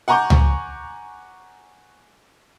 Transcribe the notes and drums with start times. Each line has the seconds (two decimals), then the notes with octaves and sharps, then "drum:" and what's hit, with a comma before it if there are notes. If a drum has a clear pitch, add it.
0.08 F#5 G#5 A#5 C#6 D6 G6
0.30 drum: tom C#2